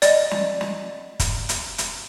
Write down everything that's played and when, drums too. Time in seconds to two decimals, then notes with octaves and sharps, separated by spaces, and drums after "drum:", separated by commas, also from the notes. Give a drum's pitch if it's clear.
0.02 D5 D#5, drum: hi-hat
0.31 drum: snare
0.61 drum: snare
1.20 drum: kick, hi-hat
1.49 drum: hi-hat
1.78 drum: hi-hat